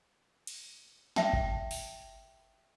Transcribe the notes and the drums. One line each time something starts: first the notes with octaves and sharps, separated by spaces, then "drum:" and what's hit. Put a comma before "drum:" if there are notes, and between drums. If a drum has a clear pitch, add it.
drum: cymbal
E5 G5 A5, drum: snare
drum: kick G1
drum: open hi-hat